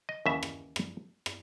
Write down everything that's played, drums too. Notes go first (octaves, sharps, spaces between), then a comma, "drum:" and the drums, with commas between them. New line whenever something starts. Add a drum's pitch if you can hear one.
D#5
D#2 C#3 E3 E5
drum: rim click
drum: rim click
drum: rim click